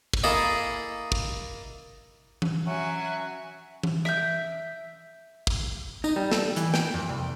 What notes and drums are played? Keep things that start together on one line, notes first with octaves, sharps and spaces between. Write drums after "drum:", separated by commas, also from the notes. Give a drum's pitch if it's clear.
drum: kick
A#3 E4 G#4 A4 D#5
drum: kick
drum: tom E3
F#3 C#4 E5 F#5 G#5
drum: tom E3
E5 G6, drum: rim click
drum: kick
D#4, drum: tambourine
G3
A4, drum: snare
E3, drum: hi-hat
G5, drum: snare
F2
C2